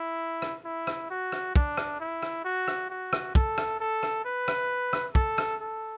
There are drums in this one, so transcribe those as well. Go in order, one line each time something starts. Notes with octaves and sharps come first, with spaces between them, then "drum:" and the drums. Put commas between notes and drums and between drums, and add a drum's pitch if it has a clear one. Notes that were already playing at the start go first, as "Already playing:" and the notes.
Already playing: E4
drum: rim click
E4
drum: rim click
F#4
drum: rim click
D4, drum: kick
drum: rim click
E4
drum: rim click
F#4
drum: rim click
F#4
drum: rim click
A4, drum: kick
drum: rim click
A4
drum: rim click
B4
drum: rim click
drum: rim click
A4, drum: kick
drum: rim click
A4